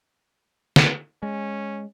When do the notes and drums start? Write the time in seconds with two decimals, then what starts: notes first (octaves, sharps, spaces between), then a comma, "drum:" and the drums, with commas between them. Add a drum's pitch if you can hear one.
0.76 drum: snare
1.23 G#3 C#4